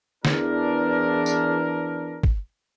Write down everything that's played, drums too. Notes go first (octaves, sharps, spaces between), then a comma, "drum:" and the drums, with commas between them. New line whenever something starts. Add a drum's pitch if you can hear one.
E2 D4 A#4, drum: snare
drum: tambourine
drum: kick